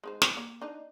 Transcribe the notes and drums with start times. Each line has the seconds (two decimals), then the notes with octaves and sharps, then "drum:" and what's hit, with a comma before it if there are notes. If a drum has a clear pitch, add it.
0.04 G#3 D#4 C5
0.22 C4, drum: snare
0.37 A#3
0.62 D4 D#4 D#5